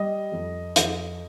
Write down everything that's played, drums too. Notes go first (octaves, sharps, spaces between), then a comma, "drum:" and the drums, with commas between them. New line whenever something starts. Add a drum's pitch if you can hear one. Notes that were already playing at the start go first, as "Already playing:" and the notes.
Already playing: G3 D#5
F2
F2, drum: hi-hat